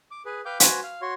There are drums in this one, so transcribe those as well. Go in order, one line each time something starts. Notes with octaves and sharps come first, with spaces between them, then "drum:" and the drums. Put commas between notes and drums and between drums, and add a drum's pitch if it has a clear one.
D6
G#4 B4
B4 F5 G5 D6 G6
F#4 B4 C5 G#5, drum: hi-hat
F5
F#4 C#5 C6